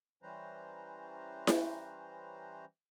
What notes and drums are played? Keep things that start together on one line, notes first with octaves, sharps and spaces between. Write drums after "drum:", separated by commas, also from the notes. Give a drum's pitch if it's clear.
E3 G3 C#4 B4 C5 A#5
drum: snare E4